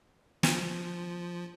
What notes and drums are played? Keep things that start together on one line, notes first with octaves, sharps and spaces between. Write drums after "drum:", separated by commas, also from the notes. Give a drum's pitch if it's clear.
F3, drum: snare